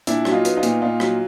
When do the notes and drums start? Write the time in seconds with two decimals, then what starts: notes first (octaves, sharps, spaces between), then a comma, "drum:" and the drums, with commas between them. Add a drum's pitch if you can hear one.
0.07 A#2 D4 E4, drum: hi-hat
0.25 F#3, drum: rim click
0.32 D#4 F4
0.45 B3, drum: hi-hat
0.57 D#4 F4
0.63 A#2, drum: hi-hat
0.82 A#2 D#4 F4
1.00 F#3, drum: rim click